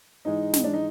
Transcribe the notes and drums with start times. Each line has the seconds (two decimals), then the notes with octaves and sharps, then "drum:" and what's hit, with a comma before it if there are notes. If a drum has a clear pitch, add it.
0.25 G#2 E3 G#3 D#4
0.53 drum: snare
0.64 D4
0.74 D#4